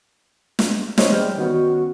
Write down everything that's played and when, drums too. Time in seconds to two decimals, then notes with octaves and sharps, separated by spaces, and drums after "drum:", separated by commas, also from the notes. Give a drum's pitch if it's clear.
0.59 drum: snare
0.98 G#4 C5 C#5 D#5, drum: snare
1.10 E3 G3 F6 G6
1.38 D#3 B3 C#4 F#4